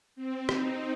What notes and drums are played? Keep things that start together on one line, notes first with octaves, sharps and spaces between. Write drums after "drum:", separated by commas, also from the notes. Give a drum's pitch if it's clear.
C4
D#4, drum: rim click